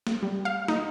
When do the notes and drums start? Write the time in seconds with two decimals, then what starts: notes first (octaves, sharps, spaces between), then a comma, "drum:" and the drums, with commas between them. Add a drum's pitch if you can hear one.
0.07 drum: snare
0.23 G3
0.45 F5
0.68 D#4, drum: snare